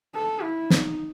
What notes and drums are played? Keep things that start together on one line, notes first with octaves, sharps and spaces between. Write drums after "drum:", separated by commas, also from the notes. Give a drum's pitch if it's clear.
A4
E4
D#4, drum: snare